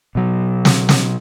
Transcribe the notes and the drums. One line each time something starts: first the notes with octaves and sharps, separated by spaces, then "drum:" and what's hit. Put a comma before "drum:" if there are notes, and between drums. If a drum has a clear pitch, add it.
B2 F#3
drum: snare
drum: snare